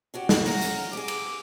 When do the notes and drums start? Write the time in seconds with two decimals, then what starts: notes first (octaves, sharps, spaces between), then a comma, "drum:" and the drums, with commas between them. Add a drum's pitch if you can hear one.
0.14 C#4 F#4 G4
0.29 drum: snare
0.46 C#4 F5 F#5 A#5, drum: open hi-hat
0.62 drum: tambourine
0.93 G4 G#4 D6
1.08 drum: cymbal